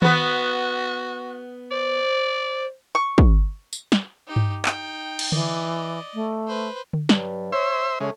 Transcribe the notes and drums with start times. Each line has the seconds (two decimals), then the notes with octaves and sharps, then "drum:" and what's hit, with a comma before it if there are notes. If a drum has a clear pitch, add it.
0.02 B3 F#4 B4, drum: tom D#3
1.71 C5 D5
2.95 C#6
3.18 drum: kick
3.73 drum: tambourine
3.92 drum: snare
4.27 D#4 G4
4.36 drum: tom G2
4.65 D#4 G5, drum: clap
5.19 drum: cymbal
5.32 E3 D5 D#5, drum: tom D3
6.14 A3
6.47 B4 C5
6.93 drum: tom D3
7.09 G2 F#3, drum: snare
7.52 C5 C#5 E5
8.00 C#3 G#3 A3 C#5